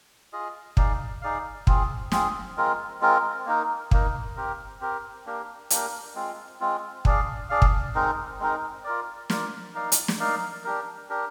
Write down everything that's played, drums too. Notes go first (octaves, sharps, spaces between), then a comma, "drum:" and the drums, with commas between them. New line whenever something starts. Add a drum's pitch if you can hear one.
F4 G#4 D#5
D#4 G#4 D5 F5, drum: kick
D#4 G#4 D5 F5
C4 F4 G#4, drum: kick
C4 F4 G#4, drum: snare
G#3 C4 F4 A#4
G#3 C4 F4 A#4
A#3 D#4 A#4
A#3 D#4 A#4, drum: kick
C4 G4 A#4
C4 G4 A#4
A#3 D4 G4 A#4
A#3 D4 G4 A#4, drum: hi-hat
G#3 C4 F4
G#3 C4 F4
D4 G#4 D5 F5, drum: kick
D4 G#4 D5 F5
drum: kick
G#3 C4 D#4 A#4
G#3 C4 D#4 A#4
F4 A#4 D5
F4 A#4 D5, drum: snare
D#4 A#4 D5 F5
drum: hi-hat
drum: snare
D#4 A#4 D5 F5
D4 G4 A#4
D4 G4 A#4